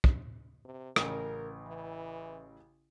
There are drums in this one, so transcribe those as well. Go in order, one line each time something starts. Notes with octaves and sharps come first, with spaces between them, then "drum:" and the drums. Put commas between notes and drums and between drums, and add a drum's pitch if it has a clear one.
drum: kick
C3
A1 C#3 A#4, drum: rim click
E3